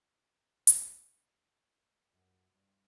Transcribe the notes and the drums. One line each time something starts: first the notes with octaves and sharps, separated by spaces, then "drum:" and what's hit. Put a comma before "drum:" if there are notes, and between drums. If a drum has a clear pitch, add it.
drum: hi-hat
F#2
G2